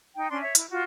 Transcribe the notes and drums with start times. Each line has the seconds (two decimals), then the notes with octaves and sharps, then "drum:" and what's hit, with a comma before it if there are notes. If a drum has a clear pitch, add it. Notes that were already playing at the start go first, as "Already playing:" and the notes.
0.15 D#4 G5
0.30 C#4 D4 D5 C6
0.42 C#5 E5
0.55 E4, drum: hi-hat
0.70 F4 F#4